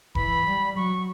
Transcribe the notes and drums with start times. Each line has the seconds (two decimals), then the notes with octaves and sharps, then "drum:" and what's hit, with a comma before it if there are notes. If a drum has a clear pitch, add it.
0.15 E3 B5, drum: kick E1
0.46 G3
0.76 F#3 C#6